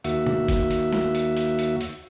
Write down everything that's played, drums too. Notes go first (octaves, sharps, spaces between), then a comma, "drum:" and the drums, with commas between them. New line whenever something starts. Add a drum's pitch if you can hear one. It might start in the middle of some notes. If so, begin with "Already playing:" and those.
D#2 F#4 E5, drum: hi-hat
drum: tom B2
drum: kick F#1, hi-hat
drum: hi-hat
drum: snare
drum: hi-hat
drum: hi-hat
drum: hi-hat
drum: hi-hat